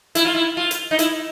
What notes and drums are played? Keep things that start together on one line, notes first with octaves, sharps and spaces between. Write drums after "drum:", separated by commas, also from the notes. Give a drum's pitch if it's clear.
E4, drum: hi-hat
F4
E4
F4
drum: hi-hat
D#4
E4, drum: hi-hat